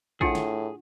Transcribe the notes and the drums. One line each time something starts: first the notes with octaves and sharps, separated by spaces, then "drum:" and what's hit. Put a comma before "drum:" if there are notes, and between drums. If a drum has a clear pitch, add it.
A2 D4 F4 G#4 F#5, drum: kick
drum: snare